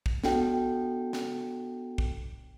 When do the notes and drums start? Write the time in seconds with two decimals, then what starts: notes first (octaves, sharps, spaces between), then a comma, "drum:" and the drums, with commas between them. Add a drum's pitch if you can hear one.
0.06 drum: kick B1
0.24 B3 D4 F#4 A4 G5, drum: snare
1.13 drum: snare
1.98 drum: kick B1